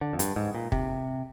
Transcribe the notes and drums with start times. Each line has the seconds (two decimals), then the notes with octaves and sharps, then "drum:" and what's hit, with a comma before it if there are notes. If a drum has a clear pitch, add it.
0.01 D3
0.13 F2
0.19 G2, drum: hi-hat
0.36 G#2
0.55 A#2
0.72 C3, drum: kick